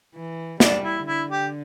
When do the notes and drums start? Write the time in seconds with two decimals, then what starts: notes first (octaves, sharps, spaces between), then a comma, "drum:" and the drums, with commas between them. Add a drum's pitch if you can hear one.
0.15 E3
0.60 G3 D4, drum: snare
0.84 E4
1.06 D3 E4
1.30 G4